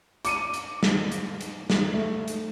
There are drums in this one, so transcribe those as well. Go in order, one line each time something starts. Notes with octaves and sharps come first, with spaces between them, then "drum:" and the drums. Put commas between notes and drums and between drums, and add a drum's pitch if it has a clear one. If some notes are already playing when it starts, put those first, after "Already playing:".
D6 C#7 D#7, drum: hi-hat
drum: hi-hat
drum: snare
drum: hi-hat
drum: hi-hat
drum: snare
A3
drum: hi-hat